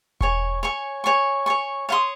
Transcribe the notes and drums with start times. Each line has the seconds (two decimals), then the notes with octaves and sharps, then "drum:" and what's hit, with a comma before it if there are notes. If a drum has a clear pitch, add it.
0.21 C#5 G#5 C#6, drum: kick E1
0.63 C#5 G#5 C#6
1.04 C#5 G#5 C#6
1.46 C#5 G#5 C#6
1.89 C#5 F5 C6 D#6